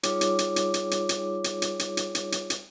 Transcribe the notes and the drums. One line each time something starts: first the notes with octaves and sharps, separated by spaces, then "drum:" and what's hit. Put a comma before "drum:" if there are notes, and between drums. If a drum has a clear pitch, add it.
G3 D#4 F4 G#4 C#5 D6, drum: hi-hat
drum: hi-hat
drum: hi-hat
drum: hi-hat
drum: hi-hat
drum: hi-hat
drum: hi-hat
drum: hi-hat
drum: hi-hat
drum: hi-hat
drum: hi-hat
drum: hi-hat
drum: hi-hat
drum: hi-hat